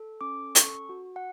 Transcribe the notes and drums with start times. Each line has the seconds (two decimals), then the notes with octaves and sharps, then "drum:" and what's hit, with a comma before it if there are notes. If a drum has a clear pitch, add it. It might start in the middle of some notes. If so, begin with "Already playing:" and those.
Already playing: A4
0.21 C#4 D6
0.55 A4 C#6, drum: hi-hat
0.89 F#4
1.16 F#5